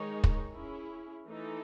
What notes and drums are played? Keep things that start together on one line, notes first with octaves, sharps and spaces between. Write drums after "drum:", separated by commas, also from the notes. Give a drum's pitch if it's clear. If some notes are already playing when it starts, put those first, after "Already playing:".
Already playing: D#3 G#3 D#4 G#4 C#5
drum: kick
C#4 E4 G#4
E3 A3 D#4 A4